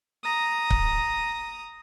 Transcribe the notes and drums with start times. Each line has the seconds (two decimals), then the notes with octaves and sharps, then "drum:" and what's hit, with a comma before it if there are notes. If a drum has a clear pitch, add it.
0.23 A#5 D#6
0.70 drum: kick C#1